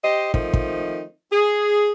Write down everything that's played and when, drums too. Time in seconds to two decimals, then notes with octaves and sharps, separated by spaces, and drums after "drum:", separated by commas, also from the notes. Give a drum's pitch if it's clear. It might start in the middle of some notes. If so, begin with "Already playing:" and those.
0.04 G4 C5 D#5
0.34 D#3 F3 A3 C4 D#4, drum: kick
0.53 drum: kick
1.32 G#4